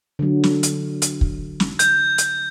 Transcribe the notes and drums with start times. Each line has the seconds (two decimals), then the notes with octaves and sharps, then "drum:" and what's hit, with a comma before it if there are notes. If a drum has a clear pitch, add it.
0.19 D3 F#3
0.44 drum: snare
0.63 drum: hi-hat
1.02 drum: hi-hat
1.21 drum: kick
1.60 drum: snare
1.79 G6, drum: hi-hat
2.18 drum: hi-hat